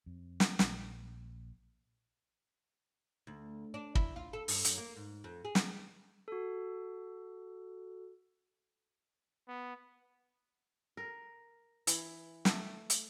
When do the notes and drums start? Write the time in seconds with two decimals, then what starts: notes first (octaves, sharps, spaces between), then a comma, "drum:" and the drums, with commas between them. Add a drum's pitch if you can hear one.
0.06 F2
0.40 drum: snare
0.59 A#1, drum: snare
3.27 D2
3.74 D4
3.95 E4, drum: kick
4.16 F4
4.33 A4
4.48 G2, drum: open hi-hat
4.65 F#2, drum: hi-hat
4.78 A#3
4.96 G#2
5.24 F2
5.45 G#4
5.55 drum: snare
6.28 F#4 A4
9.48 B3
10.97 A#4
11.87 E3, drum: hi-hat
12.45 A3, drum: snare
12.90 drum: hi-hat